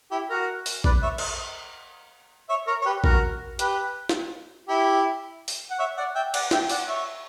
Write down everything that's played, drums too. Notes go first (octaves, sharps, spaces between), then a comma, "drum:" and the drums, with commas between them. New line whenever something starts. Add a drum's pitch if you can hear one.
E4 G4
F#4 A#4
drum: open hi-hat
B4 D5, drum: kick A#1
C#5 E5
drum: cymbal
C#5 E5
A#4 C#5
C#5
G4 B4
F#4 A#4, drum: kick A#1
G4 B4, drum: hi-hat
drum: snare
E4 G4
drum: open hi-hat
F#5
C#5 E5
D5 F#5
E5 G5
D5 F#5, drum: cymbal
E5 G5, drum: snare
D5 F#5, drum: open hi-hat
C#5 E5